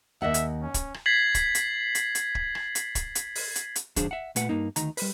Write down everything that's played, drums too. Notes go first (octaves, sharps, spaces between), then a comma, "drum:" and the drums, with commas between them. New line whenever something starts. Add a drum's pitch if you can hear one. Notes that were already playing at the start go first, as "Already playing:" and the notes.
D#2 D#5 E5 F#5
drum: hi-hat
C#4
drum: kick, hi-hat
drum: rim click
G#6 A6 B6 C7 F#7
drum: kick, hi-hat
drum: hi-hat
drum: hi-hat
drum: hi-hat
drum: kick
drum: rim click
drum: hi-hat
drum: kick, hi-hat
drum: hi-hat
drum: open hi-hat
drum: hi-hat
drum: hi-hat
F#2 D#3 D4 G#4 C5 F5, drum: kick, hi-hat
E5 F#5
A#2 A3 B4 F#5, drum: hi-hat
G2 A#3 D#4
D2 D#3 D#4 A#5, drum: hi-hat
G3 B4, drum: open hi-hat